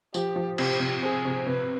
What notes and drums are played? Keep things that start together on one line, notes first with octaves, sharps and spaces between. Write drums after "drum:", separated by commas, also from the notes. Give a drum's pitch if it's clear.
F3 G4, drum: tambourine
F3
C3 G4, drum: cymbal
C3
C4 G#4
C3
C3 B4